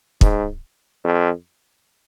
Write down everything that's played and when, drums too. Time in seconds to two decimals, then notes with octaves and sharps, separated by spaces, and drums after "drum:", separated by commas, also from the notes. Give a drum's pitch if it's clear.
0.21 G#2, drum: kick
1.04 F2